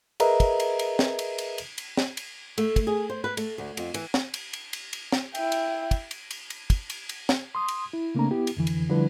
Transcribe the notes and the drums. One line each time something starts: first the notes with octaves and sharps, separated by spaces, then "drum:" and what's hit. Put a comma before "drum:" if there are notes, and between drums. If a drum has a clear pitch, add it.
G#4 A#4 B4 D#5 E5 A#5, drum: cymbal
drum: kick, cymbal
drum: cymbal
drum: cymbal
drum: snare
drum: cymbal
drum: cymbal
drum: cymbal
drum: cymbal
drum: snare
drum: cymbal
A3, drum: cymbal
drum: kick, cymbal
G#4
C5
B4
A3, drum: cymbal
D2
F2, drum: cymbal
E3, drum: cymbal
drum: snare
drum: cymbal
drum: cymbal
drum: cymbal
drum: cymbal
drum: snare
E4 G5, drum: cymbal
drum: cymbal
drum: kick, cymbal
drum: cymbal
drum: cymbal
drum: cymbal
drum: kick, cymbal
drum: cymbal
drum: cymbal
drum: snare
C6 D#6
drum: cymbal
E4
C#3 A3 A#3 C4 D4 A#5
B3 E4 G4
drum: cymbal
F2 D3 E3
drum: cymbal
D3 F3 G3 D4 E4 B4